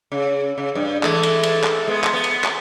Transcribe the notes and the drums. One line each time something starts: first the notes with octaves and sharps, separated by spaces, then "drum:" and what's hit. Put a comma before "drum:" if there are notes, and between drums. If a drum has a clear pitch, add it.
C#3
C#3
G2
E3 G#3 A3, drum: clap
drum: cymbal
drum: cymbal
drum: clap
G#3 B3
drum: clap
B3
drum: cymbal
drum: clap